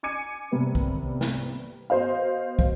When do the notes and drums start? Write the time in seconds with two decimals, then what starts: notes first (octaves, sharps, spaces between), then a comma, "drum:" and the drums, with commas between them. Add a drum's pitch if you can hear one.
0.03 G#5 D6 G#6 C#7 D#7
0.51 C3 G3 A#3 B3
0.75 drum: kick
1.21 drum: snare
1.90 B3 F#4 C5 D#5 F5
2.59 drum: kick